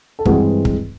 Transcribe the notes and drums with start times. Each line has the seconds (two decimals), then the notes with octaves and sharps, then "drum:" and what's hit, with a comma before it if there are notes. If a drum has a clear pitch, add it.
0.19 A4
0.26 G2 E3 G#3 C4 F#4 G#4, drum: kick
0.65 drum: kick